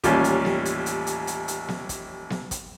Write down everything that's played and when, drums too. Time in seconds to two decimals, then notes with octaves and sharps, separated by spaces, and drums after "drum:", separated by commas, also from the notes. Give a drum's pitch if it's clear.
0.04 A1 D#2 G3 C#4 F4 G4, drum: kick, hi-hat
0.24 drum: hi-hat
0.45 drum: snare B3
0.65 drum: hi-hat
0.86 drum: hi-hat
1.07 drum: hi-hat
1.27 drum: hi-hat
1.48 drum: hi-hat
1.68 drum: snare B3
1.89 drum: kick, hi-hat
2.30 drum: snare B3
2.51 drum: kick, hi-hat